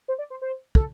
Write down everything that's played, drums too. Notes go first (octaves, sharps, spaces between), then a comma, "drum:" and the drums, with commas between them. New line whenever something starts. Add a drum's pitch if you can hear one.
C5
D5
C5
C5
A4, drum: kick